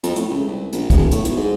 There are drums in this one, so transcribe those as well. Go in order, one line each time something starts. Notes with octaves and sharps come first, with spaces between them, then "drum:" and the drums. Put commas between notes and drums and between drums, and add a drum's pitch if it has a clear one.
F2, drum: hi-hat
A2, drum: hi-hat
C#2
C2
A#1, drum: hi-hat
E1, drum: kick, hi-hat
A2, drum: hi-hat
B1, drum: hi-hat
G#2